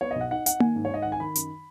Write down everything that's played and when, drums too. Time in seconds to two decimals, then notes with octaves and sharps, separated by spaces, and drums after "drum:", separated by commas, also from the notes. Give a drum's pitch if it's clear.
0.01 B3 C#5
0.11 D#5
0.16 B1 F#5
0.31 D#4 F#5
0.46 D#4 F#5, drum: hi-hat
0.60 D#3 G#5, drum: tom A#3
0.76 G#2
0.85 C#5
0.91 G#2 D#5
1.02 D#3 F#5
1.12 G#5
1.20 D#3 B5
1.35 F#2, drum: hi-hat